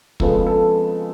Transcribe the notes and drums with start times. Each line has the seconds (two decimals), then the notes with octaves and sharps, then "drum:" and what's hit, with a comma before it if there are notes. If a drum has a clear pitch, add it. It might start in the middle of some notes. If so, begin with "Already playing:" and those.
0.20 F2 C#3 F3 G#3 B3 A4, drum: kick
0.47 A4